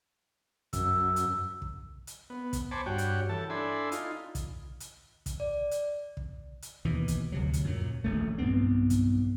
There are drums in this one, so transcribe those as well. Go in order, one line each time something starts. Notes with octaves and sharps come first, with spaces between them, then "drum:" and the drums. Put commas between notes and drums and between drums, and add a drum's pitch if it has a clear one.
F#2 E6, drum: kick, hi-hat
drum: hi-hat
drum: kick
drum: hi-hat
B3
drum: kick, hi-hat
C5 G#5 A5 B5 C#6 D6
G2 F#4 C#5 G5
drum: hi-hat
E3 A4 A5
D4 E4 A4 G#5 B5 C6
D#4 F4, drum: hi-hat
drum: kick, hi-hat
drum: hi-hat
drum: kick, hi-hat
D5
drum: hi-hat
drum: kick
drum: hi-hat
D#2 B2 E3
drum: kick, hi-hat
D2 C3 F#3
drum: hi-hat
F#2 A#2 F#3
D#1 A#1 A3
B1 G2 B3 C4
drum: kick, hi-hat